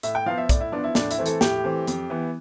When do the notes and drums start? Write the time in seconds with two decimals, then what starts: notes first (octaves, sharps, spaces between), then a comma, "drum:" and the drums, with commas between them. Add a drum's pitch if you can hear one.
0.03 A2 E5, drum: hi-hat
0.15 G5
0.26 F3 B3 F5
0.38 E5
0.49 A2 D5, drum: kick, hi-hat
0.61 E4
0.72 F3 B3 D4
0.84 E4
0.95 A2 D4, drum: snare
1.11 E4, drum: hi-hat
1.18 E3 A3 C4
1.26 A4, drum: hi-hat
1.41 A2 G4, drum: snare
1.64 E3 A3 C4
1.87 F2, drum: hi-hat
2.10 E3 B3